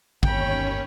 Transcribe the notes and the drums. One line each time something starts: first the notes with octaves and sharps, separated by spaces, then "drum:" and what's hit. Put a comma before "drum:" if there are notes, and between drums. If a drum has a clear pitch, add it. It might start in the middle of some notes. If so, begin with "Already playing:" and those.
G1 D#2 C#4 C#5 G5 B5, drum: kick